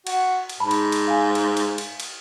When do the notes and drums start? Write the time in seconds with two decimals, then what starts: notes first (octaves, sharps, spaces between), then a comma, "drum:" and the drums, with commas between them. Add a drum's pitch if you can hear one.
0.07 F#4, drum: cymbal
0.49 drum: cymbal
0.60 G#2 A5 B5
0.71 drum: cymbal
0.92 drum: cymbal
1.08 F5 G#5
1.35 drum: cymbal
1.57 drum: cymbal
1.78 drum: cymbal
2.00 drum: cymbal